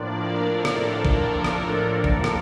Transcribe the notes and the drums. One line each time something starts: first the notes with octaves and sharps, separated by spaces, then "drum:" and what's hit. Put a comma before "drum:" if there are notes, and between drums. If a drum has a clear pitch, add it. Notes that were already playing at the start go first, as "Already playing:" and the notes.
Already playing: A2 F3 A#3 D4 D5
A#4
A4
drum: rim click
A4
A#4, drum: kick
drum: rim click
drum: kick
drum: rim click